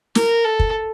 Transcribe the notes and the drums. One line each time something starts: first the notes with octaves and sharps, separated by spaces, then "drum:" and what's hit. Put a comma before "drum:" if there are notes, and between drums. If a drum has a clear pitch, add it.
A#4, drum: snare
A4
drum: kick